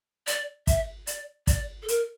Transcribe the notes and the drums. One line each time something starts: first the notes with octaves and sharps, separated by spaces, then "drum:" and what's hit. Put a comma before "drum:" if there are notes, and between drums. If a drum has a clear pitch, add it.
D5, drum: hi-hat
E5, drum: kick, hi-hat
D5, drum: hi-hat
D5, drum: kick, hi-hat
A4
A#4, drum: hi-hat